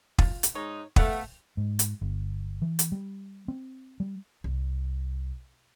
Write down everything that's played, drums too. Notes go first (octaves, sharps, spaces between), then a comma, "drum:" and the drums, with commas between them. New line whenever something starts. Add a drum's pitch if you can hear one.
F4, drum: kick
drum: hi-hat
G#2 G#3 D#4 C#5
A3 B3 F5 F#5, drum: kick
G#2
drum: hi-hat
G1
E3
drum: hi-hat
G3
C4
G3
C2